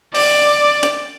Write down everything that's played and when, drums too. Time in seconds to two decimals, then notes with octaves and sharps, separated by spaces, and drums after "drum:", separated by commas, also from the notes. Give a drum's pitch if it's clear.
0.15 D5, drum: open hi-hat
0.83 drum: hi-hat